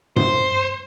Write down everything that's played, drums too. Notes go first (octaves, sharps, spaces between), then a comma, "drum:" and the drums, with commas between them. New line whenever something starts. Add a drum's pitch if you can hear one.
C5, drum: tom G2